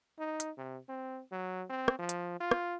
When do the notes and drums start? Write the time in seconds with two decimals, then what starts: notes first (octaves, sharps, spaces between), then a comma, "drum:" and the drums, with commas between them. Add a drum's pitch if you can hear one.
0.19 D#4
0.40 drum: hi-hat
0.58 C3
0.89 C4
1.32 F#3
1.69 C4
1.88 drum: rim click
1.99 F3
2.09 drum: hi-hat
2.40 F4
2.51 drum: rim click